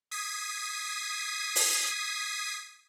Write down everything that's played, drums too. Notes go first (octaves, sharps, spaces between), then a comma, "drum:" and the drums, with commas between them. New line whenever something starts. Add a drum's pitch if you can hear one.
D#6 G#6 B6 C7 D#7
drum: open hi-hat